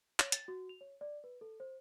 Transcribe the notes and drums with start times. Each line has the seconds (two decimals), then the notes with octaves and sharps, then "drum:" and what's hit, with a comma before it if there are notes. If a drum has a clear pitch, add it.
0.20 C#5, drum: clap
0.32 A6, drum: hi-hat
0.48 F#4
0.69 F7
0.81 C#5
1.01 D5
1.24 B4
1.41 A4
1.60 C5